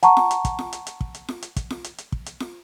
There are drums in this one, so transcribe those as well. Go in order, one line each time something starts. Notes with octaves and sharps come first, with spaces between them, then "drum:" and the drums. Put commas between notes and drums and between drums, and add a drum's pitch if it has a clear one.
F#5 A5 A#5 C#6, drum: hi-hat
drum: snare F4
drum: hi-hat
drum: kick, hi-hat
drum: snare F4
drum: hi-hat
drum: hi-hat
drum: kick
drum: hi-hat
drum: snare F4
drum: hi-hat
drum: kick, hi-hat
drum: snare F4
drum: hi-hat
drum: hi-hat
drum: kick
drum: hi-hat
drum: snare F4